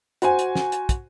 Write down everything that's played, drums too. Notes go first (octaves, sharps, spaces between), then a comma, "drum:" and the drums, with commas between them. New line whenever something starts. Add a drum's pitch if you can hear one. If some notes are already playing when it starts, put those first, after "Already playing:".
F#4 C5 G#5, drum: hi-hat
drum: hi-hat
drum: snare
drum: hi-hat
drum: kick, hi-hat